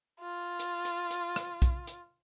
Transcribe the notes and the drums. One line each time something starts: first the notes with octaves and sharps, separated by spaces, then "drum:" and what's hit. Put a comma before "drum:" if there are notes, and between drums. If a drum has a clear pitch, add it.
F4
drum: hi-hat
drum: hi-hat
drum: hi-hat
drum: rim click
drum: kick B1, hi-hat
drum: hi-hat